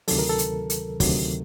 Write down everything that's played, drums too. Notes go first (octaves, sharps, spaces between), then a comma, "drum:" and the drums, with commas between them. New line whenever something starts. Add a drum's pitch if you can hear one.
D2 C3 D#3 F#3 A4, drum: open hi-hat
A#4
A4
drum: hi-hat
drum: hi-hat
D2 C3 D#3 F#3, drum: kick, open hi-hat